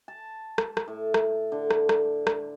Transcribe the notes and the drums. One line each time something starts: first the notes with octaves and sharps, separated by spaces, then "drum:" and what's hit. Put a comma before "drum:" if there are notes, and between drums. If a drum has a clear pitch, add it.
A5
drum: rim click
drum: rim click
A2
drum: rim click
D3
drum: rim click
drum: rim click
drum: rim click